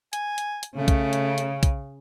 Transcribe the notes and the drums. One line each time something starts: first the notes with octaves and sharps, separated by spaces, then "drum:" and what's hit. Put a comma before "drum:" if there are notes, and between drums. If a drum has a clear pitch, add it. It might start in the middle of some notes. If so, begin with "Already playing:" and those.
G#5, drum: hi-hat
drum: hi-hat
drum: hi-hat
C#3 A3
drum: kick, hi-hat
drum: hi-hat
drum: hi-hat
drum: kick, hi-hat